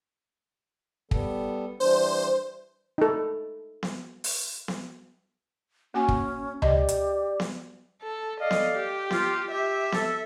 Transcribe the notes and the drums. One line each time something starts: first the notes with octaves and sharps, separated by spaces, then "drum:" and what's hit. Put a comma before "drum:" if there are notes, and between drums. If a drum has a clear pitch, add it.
G3 B3 A4, drum: kick
E3 G3 D4 C5
D#4 A4
drum: snare B3
drum: open hi-hat
drum: snare B3
A#3 C#4 F#4 G#5
drum: kick
G4 D5 D#5, drum: tom C#2
drum: hi-hat
drum: snare B3
A4
A4 D5 D#5 F5
drum: snare B3
G4
F4, drum: snare B3
G4 E5
A4, drum: snare B3